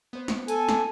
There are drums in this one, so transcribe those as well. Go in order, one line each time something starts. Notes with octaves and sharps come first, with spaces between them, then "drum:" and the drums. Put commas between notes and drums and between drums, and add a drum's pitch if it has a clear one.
B3 C5
drum: snare
A4 G#5, drum: hi-hat
drum: snare